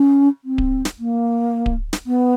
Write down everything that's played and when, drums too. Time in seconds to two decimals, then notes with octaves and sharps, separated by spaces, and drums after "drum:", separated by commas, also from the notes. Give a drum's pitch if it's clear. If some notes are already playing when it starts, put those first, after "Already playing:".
Already playing: C#4
0.44 C4
0.58 drum: kick D1
0.85 drum: snare
0.99 A#3
1.66 drum: kick D1
1.93 drum: snare
2.06 B3